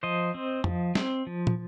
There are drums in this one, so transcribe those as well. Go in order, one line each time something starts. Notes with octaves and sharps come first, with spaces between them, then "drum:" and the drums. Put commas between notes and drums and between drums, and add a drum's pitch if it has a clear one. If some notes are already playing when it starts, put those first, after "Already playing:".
F3 C5 D#5
C4
F3, drum: tom
C4, drum: snare
F3
drum: tom